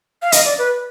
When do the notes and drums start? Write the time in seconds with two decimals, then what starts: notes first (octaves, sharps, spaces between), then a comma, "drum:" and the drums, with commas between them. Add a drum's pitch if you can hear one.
0.22 F5
0.32 D#5, drum: hi-hat
0.45 D5
0.58 B4